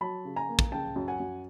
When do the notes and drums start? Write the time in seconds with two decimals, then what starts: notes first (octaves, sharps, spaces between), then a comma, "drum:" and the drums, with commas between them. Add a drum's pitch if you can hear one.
0.01 F#3 A5 B5
0.25 C#3
0.36 G#5 A#5
0.49 A#3
0.59 drum: kick
0.72 C#3 G5 A5
0.96 F#2
1.08 F#5 G#5
1.20 F#2